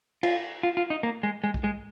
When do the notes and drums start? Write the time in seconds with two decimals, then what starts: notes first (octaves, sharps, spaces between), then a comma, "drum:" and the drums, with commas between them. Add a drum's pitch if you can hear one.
0.23 F4, drum: cymbal
0.63 F4
0.77 F4
0.90 D#4
1.03 A#3
1.23 G#3
1.44 G#3
1.54 drum: kick
1.64 G#3